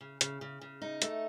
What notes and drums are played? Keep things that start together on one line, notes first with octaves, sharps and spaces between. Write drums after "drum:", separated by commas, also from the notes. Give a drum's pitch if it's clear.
C#3
C#3, drum: hi-hat
C#3
C#3
D#4
A3, drum: hi-hat